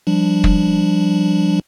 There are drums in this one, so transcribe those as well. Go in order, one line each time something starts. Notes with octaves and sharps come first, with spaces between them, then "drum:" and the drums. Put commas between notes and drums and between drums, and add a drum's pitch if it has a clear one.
F3 G3 D4
drum: kick